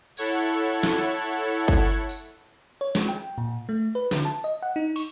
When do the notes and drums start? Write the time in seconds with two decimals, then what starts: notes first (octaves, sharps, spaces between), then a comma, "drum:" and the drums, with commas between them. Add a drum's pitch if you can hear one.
0.17 E4 A4 C#5 F#5 G#6, drum: tambourine
0.83 drum: snare
1.68 drum: kick G1
2.09 drum: tambourine
2.81 C#5
2.95 G#3, drum: snare
3.08 G5
3.38 A#2
3.69 A3
3.95 B4
4.11 D3, drum: snare
4.25 A5
4.44 D#5
4.62 F#5
4.76 D#4
4.96 C#6, drum: open hi-hat